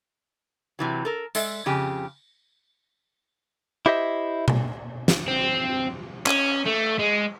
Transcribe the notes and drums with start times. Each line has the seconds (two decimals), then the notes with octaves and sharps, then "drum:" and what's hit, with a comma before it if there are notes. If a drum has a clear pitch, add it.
0.79 C3 E3 F#3
1.05 A4 A#4
1.35 G#3 A4 D5 E5, drum: tambourine
1.66 F2 C#3 G4 G#5
3.86 E4 G4 C5 D#5 E5
4.48 drum: tom B2
5.08 drum: snare
5.28 C4
6.27 C#4, drum: clap
6.66 A3
6.99 G#3